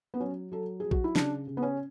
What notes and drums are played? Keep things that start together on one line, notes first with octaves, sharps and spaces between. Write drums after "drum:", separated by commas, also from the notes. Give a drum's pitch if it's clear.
B3
F#3 C#4
F#3 A4
F#3 G#4
F#4, drum: kick A#1
E4
C#3 D4, drum: snare
C#3
B3
C#4